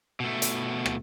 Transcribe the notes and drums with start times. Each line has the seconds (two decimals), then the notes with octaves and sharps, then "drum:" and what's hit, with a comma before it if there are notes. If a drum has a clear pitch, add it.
0.20 B2 A3
0.42 drum: hi-hat
0.86 drum: rim click